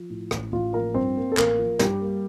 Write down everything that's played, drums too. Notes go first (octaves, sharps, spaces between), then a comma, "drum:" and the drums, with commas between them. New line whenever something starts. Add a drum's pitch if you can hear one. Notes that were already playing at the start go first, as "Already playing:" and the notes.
Already playing: F3
A2
A1, drum: rim click
A1 F4
F3 A#3 A#4
G2 C4 C5
A#3
A4
A1 A#3 A#4, drum: clap
F3
G2 G3 G4, drum: snare
A#3